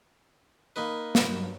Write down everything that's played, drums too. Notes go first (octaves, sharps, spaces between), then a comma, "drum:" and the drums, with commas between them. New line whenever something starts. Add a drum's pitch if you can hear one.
A#3 D#4 B4
G2 F#3, drum: snare